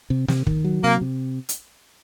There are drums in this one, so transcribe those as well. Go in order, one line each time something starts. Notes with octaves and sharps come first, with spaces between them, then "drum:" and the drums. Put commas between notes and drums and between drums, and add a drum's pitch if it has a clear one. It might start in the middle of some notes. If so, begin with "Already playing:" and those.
C3
C3, drum: snare
D#3, drum: kick
F#3
C3 A#3
C3
drum: hi-hat